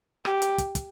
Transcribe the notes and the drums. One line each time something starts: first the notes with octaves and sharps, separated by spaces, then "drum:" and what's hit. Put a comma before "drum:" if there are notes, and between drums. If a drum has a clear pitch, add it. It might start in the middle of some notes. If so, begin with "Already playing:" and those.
G4, drum: rim click
drum: hi-hat
drum: kick, hi-hat
drum: kick, hi-hat